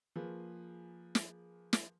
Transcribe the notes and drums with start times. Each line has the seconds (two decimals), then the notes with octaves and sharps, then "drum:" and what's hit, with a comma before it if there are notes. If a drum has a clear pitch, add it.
0.16 F3 A#3 G#4 B4
1.15 drum: snare
1.73 drum: snare